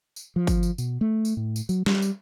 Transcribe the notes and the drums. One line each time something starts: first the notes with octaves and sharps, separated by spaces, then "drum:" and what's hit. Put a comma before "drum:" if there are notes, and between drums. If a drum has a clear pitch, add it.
drum: tambourine
F3
drum: kick G1, tambourine
drum: tambourine
B2, drum: tambourine
A3
drum: tambourine
A2
drum: tambourine
F#3, drum: tambourine
G3, drum: snare
drum: tambourine